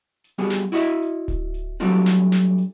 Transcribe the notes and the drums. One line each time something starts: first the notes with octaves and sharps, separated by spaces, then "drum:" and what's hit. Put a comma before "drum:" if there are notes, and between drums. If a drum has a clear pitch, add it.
drum: hi-hat
G3 B3 F#4 G#4
drum: snare
E4 F#4 D#5 E5
drum: hi-hat
drum: kick D1, hi-hat
drum: hi-hat
F#3 G3 A3 D4 F4 F#4, drum: hi-hat
drum: snare
drum: snare
drum: hi-hat